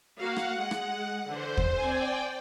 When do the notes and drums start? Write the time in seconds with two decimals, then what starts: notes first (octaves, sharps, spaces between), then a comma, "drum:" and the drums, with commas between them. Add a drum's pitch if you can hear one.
0.19 A#3 F#4 F5 F#5
0.36 drum: rim click
0.57 G#3
0.71 drum: rim click
1.28 D3 E3 C5
1.57 drum: kick
1.78 C4 D5 G5 G#5